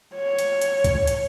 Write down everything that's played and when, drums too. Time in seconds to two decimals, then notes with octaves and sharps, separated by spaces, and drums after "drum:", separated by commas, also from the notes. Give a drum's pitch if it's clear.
0.16 C#5
0.39 drum: hi-hat
0.61 drum: hi-hat
0.84 drum: kick C#2, hi-hat
1.07 drum: hi-hat